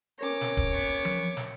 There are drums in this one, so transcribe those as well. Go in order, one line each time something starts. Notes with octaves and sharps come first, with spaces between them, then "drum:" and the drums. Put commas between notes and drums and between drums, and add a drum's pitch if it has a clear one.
C#4 A#4 C#5 D6 A#6
drum: snare
drum: kick D1
B3 C#6
drum: tom F3
drum: snare